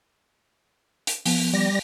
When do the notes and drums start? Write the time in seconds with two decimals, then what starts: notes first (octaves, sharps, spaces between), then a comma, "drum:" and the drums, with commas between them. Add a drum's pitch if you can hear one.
1.07 drum: hi-hat
1.26 F3 B3, drum: open hi-hat
1.53 G3 A#6